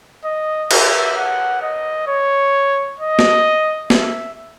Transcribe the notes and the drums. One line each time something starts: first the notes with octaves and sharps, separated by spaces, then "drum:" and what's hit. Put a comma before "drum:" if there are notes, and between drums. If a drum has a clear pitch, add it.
D#5
E5, drum: cymbal
F#5
D#5
C#5
D#5
drum: snare
E5, drum: snare